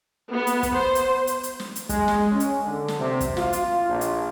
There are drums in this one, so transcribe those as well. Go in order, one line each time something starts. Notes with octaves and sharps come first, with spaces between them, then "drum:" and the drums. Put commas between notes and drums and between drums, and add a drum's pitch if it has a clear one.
B3
drum: hi-hat
drum: kick, hi-hat
C5
drum: hi-hat
drum: hi-hat
drum: hi-hat
drum: snare
drum: hi-hat
G#3, drum: kick, hi-hat
drum: snare
C#4
drum: hi-hat
D3
drum: snare
C3
drum: kick, hi-hat
F4, drum: snare
drum: hi-hat
A#1
drum: hi-hat